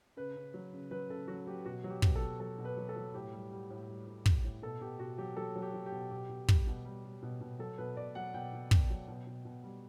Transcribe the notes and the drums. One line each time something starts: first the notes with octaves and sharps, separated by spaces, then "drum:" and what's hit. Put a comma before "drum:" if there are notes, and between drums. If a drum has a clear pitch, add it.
C#3 B4
C#3
F#3
C#3
F#3 B4
C#3 A4
F#3 F#4
F#3 G4
B2 F#4
F#3
G4
B2, drum: kick
A4
B2
F#3 A4
B2
B4
F#3
A4
F#3
A2 G4
G3
G3
A2
G3
A2
G3, drum: kick
A2
B2 A4
B2 G4
B2 F#4
F#3 G4
F#3 A4
F#3
G4
F#3
G4
B2
B2 G4
B2
G3, drum: kick
B2
G3
G3
B2
B2
F#3 A4
B2 B4
B2 D5
F#3 F#5
B2 G5
B2
B2, drum: kick
F#3
B2
B2
B2
G3